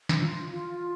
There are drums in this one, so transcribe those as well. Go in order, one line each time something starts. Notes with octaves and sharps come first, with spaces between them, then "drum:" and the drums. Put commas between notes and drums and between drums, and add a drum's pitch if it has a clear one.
drum: snare
F4
F4